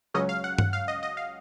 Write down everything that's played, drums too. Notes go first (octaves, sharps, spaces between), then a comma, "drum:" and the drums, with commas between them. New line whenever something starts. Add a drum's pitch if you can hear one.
C#2 C#3 F#3 C#4 D#5
F5
F#5
F#5, drum: tom G2
F5
D#5
D#5
F5